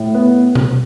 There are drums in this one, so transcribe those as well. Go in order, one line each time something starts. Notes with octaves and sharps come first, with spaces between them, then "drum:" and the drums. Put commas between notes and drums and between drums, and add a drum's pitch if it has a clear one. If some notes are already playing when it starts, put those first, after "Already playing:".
Already playing: A2
B3
drum: tom B2